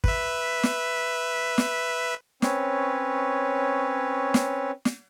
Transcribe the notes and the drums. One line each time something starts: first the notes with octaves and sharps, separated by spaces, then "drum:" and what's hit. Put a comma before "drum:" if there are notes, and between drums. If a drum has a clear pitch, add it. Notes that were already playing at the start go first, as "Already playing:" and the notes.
B4 E5, drum: kick
drum: snare
drum: snare
C4 C#4 B4 C#5, drum: snare
drum: snare
drum: snare